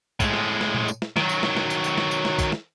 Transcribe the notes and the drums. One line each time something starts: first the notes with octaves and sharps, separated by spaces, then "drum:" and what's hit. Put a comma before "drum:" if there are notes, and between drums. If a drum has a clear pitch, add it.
A2 G#3, drum: kick, tambourine
drum: snare
drum: snare
drum: tom A#2
drum: tambourine
drum: snare
D#3 F#3, drum: snare
drum: tambourine
drum: snare
drum: snare
drum: tambourine
drum: tambourine
drum: snare
drum: tambourine
drum: snare
drum: kick, tambourine
drum: snare